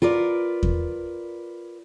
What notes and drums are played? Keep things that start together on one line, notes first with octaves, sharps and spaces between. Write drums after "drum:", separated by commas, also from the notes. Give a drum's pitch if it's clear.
F4 A#4 B4 D5
drum: kick E2